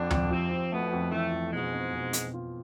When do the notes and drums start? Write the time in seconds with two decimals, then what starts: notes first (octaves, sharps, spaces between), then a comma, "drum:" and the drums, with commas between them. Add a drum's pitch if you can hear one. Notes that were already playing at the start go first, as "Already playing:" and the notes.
Already playing: F2 D3 D4
0.10 F2, drum: tom D2
0.31 F2 C3 C4
0.51 F2
0.72 B2 A3 B3
0.92 F2
1.11 A2 E3 A3
1.32 F2
1.52 G#2 B2 G#3
1.73 C4
1.93 B2
2.13 B2, drum: hi-hat
2.34 F4